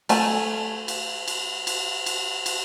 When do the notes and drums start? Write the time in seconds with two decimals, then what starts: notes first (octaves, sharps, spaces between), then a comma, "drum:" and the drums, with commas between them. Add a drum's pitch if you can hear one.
0.09 A3 G#5 A5, drum: cymbal
0.88 drum: cymbal
1.28 drum: cymbal
1.67 drum: cymbal
2.06 drum: cymbal
2.46 drum: cymbal